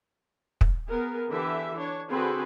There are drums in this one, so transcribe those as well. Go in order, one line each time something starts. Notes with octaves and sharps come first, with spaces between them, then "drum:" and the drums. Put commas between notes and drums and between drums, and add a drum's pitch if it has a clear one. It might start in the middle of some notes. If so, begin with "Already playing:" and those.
drum: kick
B3 G#4 A#4
D3 E3 G4 E5
D4 C#5
D3 C4 F#4 G#4 B4